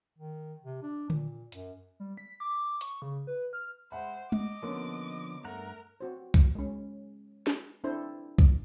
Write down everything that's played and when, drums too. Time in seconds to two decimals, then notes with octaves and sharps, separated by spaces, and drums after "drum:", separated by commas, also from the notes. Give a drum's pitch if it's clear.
0.18 D#3
0.64 C3
0.83 D4
1.10 A#2, drum: tom D3
1.52 F#2, drum: hi-hat
2.00 G3
2.17 B6
2.40 D6
2.81 C#6, drum: hi-hat
3.02 C#3
3.27 B4
3.53 F6
3.92 G#3 C5 E5 F#5 B5
4.32 D#5 D6, drum: tom G#3
4.63 D3 F3 A#3 B3 C#4
5.44 G2 A3 A#4 F#5 A#5
6.01 C4 F#4 C5
6.34 drum: kick B1
6.55 G#3 C#4
7.47 drum: snare
7.84 C4 D4 E4 A4 C5
8.39 drum: kick B1